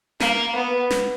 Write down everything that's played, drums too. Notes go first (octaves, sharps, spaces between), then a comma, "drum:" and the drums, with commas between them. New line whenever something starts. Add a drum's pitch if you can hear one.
A#3, drum: snare
B3
drum: snare